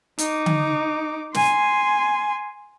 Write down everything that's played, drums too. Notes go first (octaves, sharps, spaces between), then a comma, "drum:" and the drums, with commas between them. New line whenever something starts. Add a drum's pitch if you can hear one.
D#4 D6, drum: hi-hat
drum: tom D3
G#5 C6, drum: snare